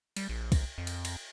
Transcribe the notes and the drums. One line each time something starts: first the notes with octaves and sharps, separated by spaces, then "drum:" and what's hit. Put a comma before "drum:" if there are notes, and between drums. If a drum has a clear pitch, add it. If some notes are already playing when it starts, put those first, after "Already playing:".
G3, drum: cymbal
A#1
drum: kick, cymbal
F2
drum: cymbal
drum: cymbal